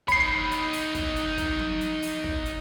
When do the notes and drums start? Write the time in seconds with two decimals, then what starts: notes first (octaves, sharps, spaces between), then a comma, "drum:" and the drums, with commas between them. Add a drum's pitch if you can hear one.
0.08 D#4 C#5 B5 C7, drum: kick, hi-hat
0.51 drum: hi-hat
0.73 drum: open hi-hat
0.94 drum: kick, hi-hat
1.16 drum: hi-hat
1.38 drum: kick, hi-hat
1.59 drum: tom F#3
1.81 drum: hi-hat
2.02 drum: open hi-hat
2.24 drum: kick
2.46 drum: hi-hat